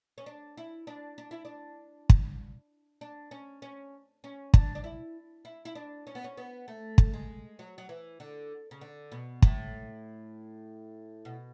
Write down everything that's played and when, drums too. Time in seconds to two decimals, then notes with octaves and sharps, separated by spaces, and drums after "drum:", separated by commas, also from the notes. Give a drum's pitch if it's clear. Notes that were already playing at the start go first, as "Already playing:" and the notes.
0.18 C#4
0.26 D4
0.57 E4
0.87 D4
1.18 D4
1.31 E4
1.45 D4
2.10 drum: kick
3.01 D4
3.31 C#4
3.62 C#4
4.24 C#4
4.54 D4, drum: kick
4.75 D4
4.84 E4
5.45 E4
5.65 E4
5.75 D4
6.07 C#4
6.15 B3
6.24 C#4
6.37 B3
6.68 A3
6.98 drum: kick
7.13 G#3
7.59 F#3
7.78 F#3
7.89 E3
8.20 D3
8.71 C#3
8.81 D3
9.12 B2
9.42 A2, drum: kick
11.25 B2